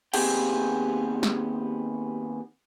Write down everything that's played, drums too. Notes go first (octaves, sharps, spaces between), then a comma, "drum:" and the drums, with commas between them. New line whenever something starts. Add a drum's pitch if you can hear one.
D#2 B3 C4 G4 G#4 G5, drum: cymbal
drum: snare